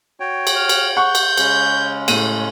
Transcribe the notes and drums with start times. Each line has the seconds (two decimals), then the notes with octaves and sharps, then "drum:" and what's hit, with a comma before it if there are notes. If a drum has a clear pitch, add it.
0.20 F#4 C#5 G5
0.47 drum: cymbal
0.56 F6
0.69 drum: cymbal
0.97 F#5 C#6 F#6 G6
1.15 drum: cymbal
1.37 C#3 G#3 C#4, drum: cymbal
2.08 A2 D#7, drum: cymbal